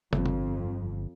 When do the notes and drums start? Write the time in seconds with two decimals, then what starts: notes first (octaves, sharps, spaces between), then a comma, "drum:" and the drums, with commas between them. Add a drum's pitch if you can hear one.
0.13 G1 F2, drum: tom
0.26 drum: tom